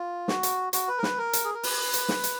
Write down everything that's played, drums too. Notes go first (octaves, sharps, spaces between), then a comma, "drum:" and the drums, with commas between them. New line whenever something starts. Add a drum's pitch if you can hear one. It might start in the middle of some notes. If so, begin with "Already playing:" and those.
Already playing: F4
F#4, drum: snare
drum: hi-hat
F#4, drum: hi-hat
B4
A#4
B4, drum: snare
A#4
drum: hi-hat
G#4
A#4
B4, drum: open hi-hat
drum: hi-hat
drum: snare
drum: hi-hat